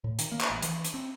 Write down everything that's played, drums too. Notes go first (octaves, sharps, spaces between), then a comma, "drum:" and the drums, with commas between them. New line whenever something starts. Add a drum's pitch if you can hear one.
A2
D#3, drum: hi-hat
A#3
drum: clap
A1
E3, drum: hi-hat
drum: hi-hat
C4